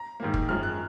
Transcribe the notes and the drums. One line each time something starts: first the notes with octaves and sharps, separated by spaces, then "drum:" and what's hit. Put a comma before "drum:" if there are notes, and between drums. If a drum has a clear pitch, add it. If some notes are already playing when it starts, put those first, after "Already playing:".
Already playing: A#5
G#2 D#3 A#3
drum: kick
F#2 F3 G#3 F6
F#6